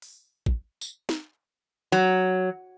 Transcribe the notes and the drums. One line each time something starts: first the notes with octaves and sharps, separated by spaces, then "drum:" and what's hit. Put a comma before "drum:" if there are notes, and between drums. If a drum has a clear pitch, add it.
drum: open hi-hat
drum: kick
drum: tambourine
drum: snare
F#3